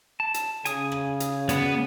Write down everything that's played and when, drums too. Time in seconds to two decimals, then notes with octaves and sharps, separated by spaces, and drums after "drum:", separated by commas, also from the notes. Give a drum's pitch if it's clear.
0.20 A5
0.34 drum: hi-hat
0.65 C#3 G#5 D#6, drum: hi-hat
0.92 drum: rim click
1.20 drum: hi-hat
1.49 B3 F#4 C#5 D5, drum: hi-hat